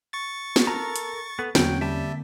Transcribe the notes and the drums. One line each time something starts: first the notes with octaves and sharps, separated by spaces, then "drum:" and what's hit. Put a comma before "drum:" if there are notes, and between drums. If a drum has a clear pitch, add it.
C#6 A6
drum: snare
A4 A#4 A5 A#5
drum: hi-hat
B3 A4
E2 D3 F#3 A#3 C4 C#4 G5 G6, drum: snare
G3 E5 A5